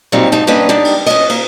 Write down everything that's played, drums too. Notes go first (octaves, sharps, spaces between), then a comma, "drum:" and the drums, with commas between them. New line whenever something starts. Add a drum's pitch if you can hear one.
G2 A#2 F#3 G3 C4 D#4
G#2 D#4 A5
G3 A#3 C#4 D4 B4 D#5
G3 B3 D4 D#4 G4
drum: cymbal
C#4 D#5, drum: cymbal
A#3, drum: cymbal